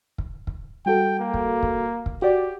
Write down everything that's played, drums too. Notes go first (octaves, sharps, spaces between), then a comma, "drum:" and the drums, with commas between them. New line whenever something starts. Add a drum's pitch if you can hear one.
drum: kick
drum: kick
G3 F#4 A4 G5
A#3
drum: kick
drum: kick
drum: kick
F#4 G4 D5